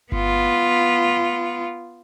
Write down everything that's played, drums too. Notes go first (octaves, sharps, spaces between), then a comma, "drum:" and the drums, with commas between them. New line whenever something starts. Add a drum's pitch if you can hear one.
B3 F4, drum: kick G1